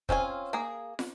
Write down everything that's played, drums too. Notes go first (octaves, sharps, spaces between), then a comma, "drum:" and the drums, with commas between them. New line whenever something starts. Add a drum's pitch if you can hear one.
C4 C#4 F4 G#5, drum: kick
A#3 G#4
drum: snare